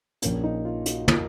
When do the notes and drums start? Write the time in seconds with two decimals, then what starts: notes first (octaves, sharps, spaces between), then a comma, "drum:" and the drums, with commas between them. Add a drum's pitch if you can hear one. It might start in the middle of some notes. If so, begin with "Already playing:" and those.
0.22 A#1 A#2 F3 A#3 C#4, drum: hi-hat
0.44 D#4
0.65 F4
0.86 F#4, drum: hi-hat
1.08 A#4, drum: tom